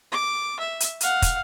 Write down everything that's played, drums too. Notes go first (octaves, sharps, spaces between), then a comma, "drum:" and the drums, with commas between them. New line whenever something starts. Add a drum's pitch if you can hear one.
D6
E5
drum: hi-hat
F5 F#5, drum: hi-hat
drum: kick, hi-hat